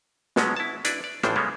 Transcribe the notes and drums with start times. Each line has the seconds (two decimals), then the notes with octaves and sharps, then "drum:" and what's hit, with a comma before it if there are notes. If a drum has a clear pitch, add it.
0.36 B2 F3 F#3 G#3 B3 C#4, drum: snare
0.57 E4 A5
0.85 D4 E4 B4 D5, drum: hi-hat
1.04 D5
1.23 A1 A2 E3 F3 D4 C5, drum: rim click
1.36 C#3 G3 G#3 A#3 B3